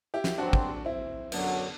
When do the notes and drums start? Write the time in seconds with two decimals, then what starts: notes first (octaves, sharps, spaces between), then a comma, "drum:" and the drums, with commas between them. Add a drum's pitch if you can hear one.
0.14 E4 G4
0.24 drum: snare
0.38 G2 F#3 C4 D4 F#4
0.53 drum: kick
0.85 C4 E4
1.32 F#2 D3 F#3 B3 D4, drum: cymbal